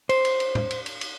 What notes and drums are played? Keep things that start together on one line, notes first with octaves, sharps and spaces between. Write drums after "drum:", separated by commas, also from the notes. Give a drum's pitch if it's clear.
C5, drum: cymbal
drum: cymbal
drum: cymbal
drum: tom A2
drum: cymbal
drum: cymbal
drum: cymbal